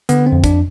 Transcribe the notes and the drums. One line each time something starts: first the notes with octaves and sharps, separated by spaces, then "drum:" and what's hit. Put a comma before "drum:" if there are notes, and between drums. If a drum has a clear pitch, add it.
D3 B3, drum: hi-hat
C4
F2
D4, drum: kick, hi-hat